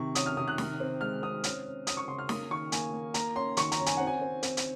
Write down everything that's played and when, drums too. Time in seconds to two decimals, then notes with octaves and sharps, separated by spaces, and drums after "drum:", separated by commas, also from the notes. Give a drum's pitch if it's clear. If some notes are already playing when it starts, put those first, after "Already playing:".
Already playing: C3 D#3 C#6
0.15 C#4 D#6, drum: hi-hat
0.26 F6
0.37 C3 D#6
0.48 F#6
0.58 D#3, drum: snare
0.80 C4
1.01 G#3 F6
1.22 C4 D#6
1.44 C#4 D#6, drum: hi-hat
1.65 C#4
1.87 C#4 D#6, drum: hi-hat
1.97 C#6
2.08 C#3 C6
2.18 F6
2.29 A#3 D#6, drum: snare
2.50 D#3 C#6
2.72 A#3 G#5, drum: hi-hat
2.93 A#3
3.14 A#3 A#5, drum: hi-hat
3.35 C#4 C6
3.57 D#3 C#6, drum: hi-hat
3.72 A#5, drum: hi-hat
3.79 C#4
3.86 G#5, drum: hi-hat
3.97 C4 F#5
4.07 G#5
4.22 C4
4.43 C4, drum: hi-hat
4.57 drum: hi-hat